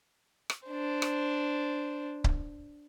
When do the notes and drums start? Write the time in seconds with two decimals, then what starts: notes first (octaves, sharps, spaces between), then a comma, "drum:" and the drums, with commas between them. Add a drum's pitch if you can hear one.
0.50 drum: rim click
0.67 D4 C5
1.02 drum: rim click
2.24 drum: kick C#1